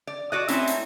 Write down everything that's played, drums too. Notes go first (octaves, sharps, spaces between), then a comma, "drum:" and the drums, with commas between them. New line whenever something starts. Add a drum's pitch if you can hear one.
D5
F#4 D5 D#5
A3 C4 C#4 D#4 E4, drum: hi-hat
drum: hi-hat